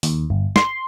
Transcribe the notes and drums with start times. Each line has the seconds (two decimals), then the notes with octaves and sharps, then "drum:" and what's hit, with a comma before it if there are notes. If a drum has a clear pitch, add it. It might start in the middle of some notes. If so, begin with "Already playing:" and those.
0.03 D#2, drum: open hi-hat
0.30 G1
0.56 C6, drum: snare